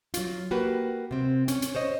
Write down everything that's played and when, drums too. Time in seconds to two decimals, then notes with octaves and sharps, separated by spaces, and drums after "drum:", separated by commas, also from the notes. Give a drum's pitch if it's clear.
0.14 F#3 F4, drum: hi-hat
0.51 A#3 F#4 G4 B4
1.11 C3 C4
1.48 C#4, drum: hi-hat
1.62 drum: hi-hat
1.75 C5 C#5 D#5